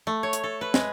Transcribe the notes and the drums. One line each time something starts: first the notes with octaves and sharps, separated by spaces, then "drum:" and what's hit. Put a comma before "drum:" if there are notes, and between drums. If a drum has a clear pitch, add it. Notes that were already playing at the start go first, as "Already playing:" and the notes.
A3
C#5
drum: hi-hat
A4
B4
G#3, drum: snare